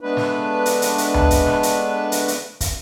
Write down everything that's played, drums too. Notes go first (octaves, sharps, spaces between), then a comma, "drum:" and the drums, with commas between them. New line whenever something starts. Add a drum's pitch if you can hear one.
G#3 A3 B3 D4 B4
drum: snare
drum: hi-hat
drum: hi-hat
drum: hi-hat
drum: tom D2
drum: kick, hi-hat
drum: snare
drum: hi-hat
drum: hi-hat
drum: hi-hat
drum: kick, hi-hat